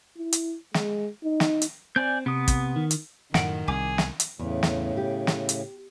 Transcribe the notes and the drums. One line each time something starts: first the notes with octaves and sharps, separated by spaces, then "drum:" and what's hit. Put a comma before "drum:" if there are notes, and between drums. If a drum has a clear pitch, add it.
E4
drum: hi-hat
G#3, drum: snare
D#4
drum: snare
drum: hi-hat
C4 D5 G#5 G6
C3 B3 D#6
drum: kick, hi-hat
D#3
drum: hi-hat
F#2 A2 D#3 F#5 D7 F#7, drum: snare
C2 G#4 G#5 D6
drum: snare
drum: hi-hat
E2 A2 C#3
drum: snare
G4
drum: snare
drum: hi-hat